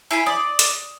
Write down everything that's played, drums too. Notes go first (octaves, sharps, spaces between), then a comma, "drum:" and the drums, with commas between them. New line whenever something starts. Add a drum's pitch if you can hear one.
E4 G#4 B5
D5 D#6
drum: hi-hat